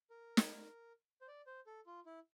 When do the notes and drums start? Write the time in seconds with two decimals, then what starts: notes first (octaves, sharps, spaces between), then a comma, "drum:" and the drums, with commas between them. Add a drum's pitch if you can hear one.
0.10 A#4
0.37 drum: snare
1.21 C5
1.28 D5
1.47 C5
1.67 A4
1.86 F4
2.06 E4